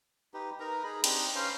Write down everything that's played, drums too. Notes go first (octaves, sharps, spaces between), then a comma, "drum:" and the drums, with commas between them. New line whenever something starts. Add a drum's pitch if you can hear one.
D#4 G4 B4
D#4 A#4 B4 A#5
D#4 G#4 B5
C4 D4 D#4 G4, drum: cymbal
C#4 B4 C5 F5